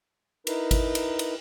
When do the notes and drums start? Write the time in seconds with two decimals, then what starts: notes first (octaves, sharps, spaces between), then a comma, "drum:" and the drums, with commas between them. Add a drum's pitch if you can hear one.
0.47 D#4 E4 A#4 B4, drum: cymbal
0.71 drum: kick G#1, cymbal
0.95 drum: cymbal
1.19 drum: cymbal